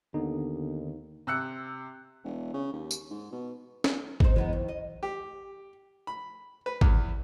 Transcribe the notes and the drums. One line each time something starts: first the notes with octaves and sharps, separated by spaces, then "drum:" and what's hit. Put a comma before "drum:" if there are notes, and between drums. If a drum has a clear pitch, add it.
D#2 D3 B3 D#4
C3 E6 F#6 C#7
E1
C#3
D#2
drum: tambourine
G#2
B2
drum: snare
D#4 C5, drum: kick G#1
F#1 E3 G#3 B3 D#4
D#2
D#5
G4
B5
B4
E2, drum: kick G#1